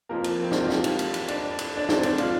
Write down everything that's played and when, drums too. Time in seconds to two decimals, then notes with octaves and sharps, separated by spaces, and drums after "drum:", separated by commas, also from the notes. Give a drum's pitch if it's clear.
0.09 F2 F3 A#3 A#4
0.24 drum: cymbal
0.43 C4
0.52 D4, drum: snare
0.60 F4
0.70 G4, drum: snare
0.84 drum: cymbal
0.99 drum: cymbal
1.14 drum: cymbal
1.28 D4, drum: cymbal
1.59 drum: cymbal
1.77 D4
1.89 C4, drum: snare
2.03 D4, drum: cymbal
2.18 F4, drum: cymbal